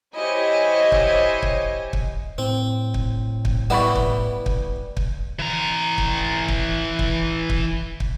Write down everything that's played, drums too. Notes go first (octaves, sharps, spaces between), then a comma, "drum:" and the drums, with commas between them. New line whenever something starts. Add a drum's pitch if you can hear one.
E4 G4 C5 C#5 D#5 G#5
drum: kick
drum: kick
drum: kick
A2 C4
drum: kick
drum: kick
G3 B3 E4 F#5 B5 C#6
drum: kick
drum: kick
drum: kick
E3 A#5
drum: kick
drum: kick
drum: kick
drum: kick
drum: kick